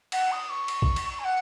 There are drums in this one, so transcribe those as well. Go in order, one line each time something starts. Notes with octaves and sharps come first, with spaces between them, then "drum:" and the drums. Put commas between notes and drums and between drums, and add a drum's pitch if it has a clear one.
F#5, drum: cymbal
D#6
C#6
drum: cymbal
drum: kick
drum: cymbal
G#5
F#5